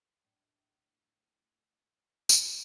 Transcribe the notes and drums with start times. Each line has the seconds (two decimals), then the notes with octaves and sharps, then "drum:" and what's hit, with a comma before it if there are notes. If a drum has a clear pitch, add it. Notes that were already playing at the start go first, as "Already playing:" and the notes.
0.23 F#2 A2 D4
2.29 drum: tambourine